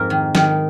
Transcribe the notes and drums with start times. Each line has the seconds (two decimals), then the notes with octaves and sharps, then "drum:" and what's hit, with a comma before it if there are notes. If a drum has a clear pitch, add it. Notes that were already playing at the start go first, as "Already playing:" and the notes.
Already playing: F2 G#2 A#4
0.10 D#3
0.35 D#3, drum: snare